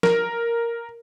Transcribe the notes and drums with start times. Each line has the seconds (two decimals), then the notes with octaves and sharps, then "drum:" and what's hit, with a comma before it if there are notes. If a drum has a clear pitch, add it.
0.03 A#4, drum: snare